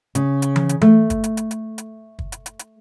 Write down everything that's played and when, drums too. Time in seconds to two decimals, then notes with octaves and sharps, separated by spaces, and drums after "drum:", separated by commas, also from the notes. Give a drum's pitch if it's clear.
0.15 C#3, drum: hi-hat
0.42 drum: hi-hat
0.56 drum: tom E3
0.69 drum: hi-hat
0.81 A3, drum: tom E3
1.10 drum: kick, hi-hat
1.24 drum: hi-hat
1.37 drum: hi-hat
1.51 drum: hi-hat
1.78 drum: hi-hat
2.19 drum: kick
2.32 drum: hi-hat
2.46 drum: hi-hat
2.59 drum: hi-hat